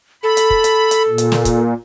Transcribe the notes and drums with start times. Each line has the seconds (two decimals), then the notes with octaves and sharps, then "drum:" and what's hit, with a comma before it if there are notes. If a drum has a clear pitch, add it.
0.23 A4 B5
0.37 drum: hi-hat
0.50 drum: kick
0.64 drum: hi-hat
0.91 drum: hi-hat
1.08 A#2
1.18 drum: hi-hat
1.32 drum: snare
1.45 drum: kick, hi-hat